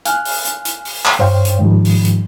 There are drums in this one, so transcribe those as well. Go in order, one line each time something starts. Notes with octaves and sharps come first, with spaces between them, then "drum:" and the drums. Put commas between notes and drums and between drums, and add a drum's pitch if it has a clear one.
F5 G#5 F6 F#6, drum: hi-hat
drum: open hi-hat
drum: hi-hat
drum: hi-hat
drum: open hi-hat
drum: clap
G2 C5 C#5 F5 G5
drum: hi-hat
G#2 D#3 F3 G3
drum: open hi-hat
drum: hi-hat